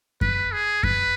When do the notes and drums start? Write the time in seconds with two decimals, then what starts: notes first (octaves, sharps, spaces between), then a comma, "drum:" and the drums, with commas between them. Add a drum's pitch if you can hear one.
0.21 B4, drum: kick F#2
0.52 G#4
0.83 B4, drum: kick F#2